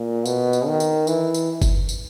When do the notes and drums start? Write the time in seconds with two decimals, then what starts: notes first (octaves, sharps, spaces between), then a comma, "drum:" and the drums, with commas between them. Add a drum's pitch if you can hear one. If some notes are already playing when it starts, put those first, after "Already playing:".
Already playing: A#2
0.26 B2, drum: tambourine
0.53 drum: tambourine
0.67 D#3
0.80 drum: tambourine
1.07 E3, drum: tambourine
1.34 drum: tambourine
1.62 drum: kick G1, tambourine
1.89 drum: tambourine